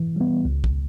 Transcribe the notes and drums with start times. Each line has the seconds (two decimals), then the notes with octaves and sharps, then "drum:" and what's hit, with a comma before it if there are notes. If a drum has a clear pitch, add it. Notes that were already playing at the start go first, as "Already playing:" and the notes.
Already playing: E3
0.16 G3 B3
0.45 C#2
0.64 drum: kick